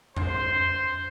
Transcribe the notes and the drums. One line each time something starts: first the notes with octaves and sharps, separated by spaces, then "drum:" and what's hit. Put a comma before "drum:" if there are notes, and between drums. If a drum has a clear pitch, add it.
C5 C6, drum: tom F2